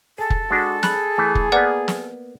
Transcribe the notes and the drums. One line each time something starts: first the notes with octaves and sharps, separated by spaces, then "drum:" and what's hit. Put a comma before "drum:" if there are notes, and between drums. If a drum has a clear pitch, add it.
G#4 A4
drum: kick
G#3 D4 F#4
G#4 B5 F#6, drum: snare
E3 A3
drum: kick
A#3 B3 B4 D5 F#5
drum: snare